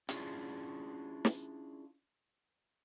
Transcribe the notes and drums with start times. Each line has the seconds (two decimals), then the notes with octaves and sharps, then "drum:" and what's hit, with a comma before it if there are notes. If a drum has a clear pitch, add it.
0.09 C#4 D4 E4 F4 G#4, drum: hi-hat
1.25 drum: snare